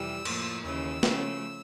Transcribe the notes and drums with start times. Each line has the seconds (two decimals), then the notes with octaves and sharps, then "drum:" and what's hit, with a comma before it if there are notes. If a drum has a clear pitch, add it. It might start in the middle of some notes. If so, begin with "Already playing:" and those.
Already playing: F2 C3 E3 G3 E6
0.25 A2 F3 A#3, drum: cymbal
0.64 D#2 C#3 E3 E6
1.03 C#3 F3 A3 C#4, drum: snare